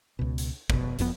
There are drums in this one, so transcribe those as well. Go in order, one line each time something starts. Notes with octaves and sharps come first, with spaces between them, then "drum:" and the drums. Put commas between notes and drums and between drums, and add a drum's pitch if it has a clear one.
C#2 B2
drum: hi-hat
F1 B2, drum: kick
F#1 F2 B2 B3, drum: hi-hat